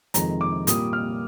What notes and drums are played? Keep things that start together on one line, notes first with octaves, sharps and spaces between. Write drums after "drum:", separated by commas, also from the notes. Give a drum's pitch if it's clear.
F2 C3 D#3 G#3 A#5, drum: hi-hat
D6
A#2 G3 A#3 D#6, drum: hi-hat
F6